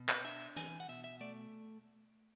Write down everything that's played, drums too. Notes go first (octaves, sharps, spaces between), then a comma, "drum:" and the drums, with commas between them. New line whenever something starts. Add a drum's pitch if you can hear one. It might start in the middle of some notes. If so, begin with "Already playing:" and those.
Already playing: B2
B4, drum: clap
D4 E5
E3 G#5, drum: hi-hat
F#5
B2 E5
E5
A3 D5